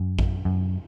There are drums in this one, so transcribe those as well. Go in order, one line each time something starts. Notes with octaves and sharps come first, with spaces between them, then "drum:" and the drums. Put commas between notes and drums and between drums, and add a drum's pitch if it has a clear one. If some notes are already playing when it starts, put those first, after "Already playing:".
Already playing: F#2
drum: kick A1
F#2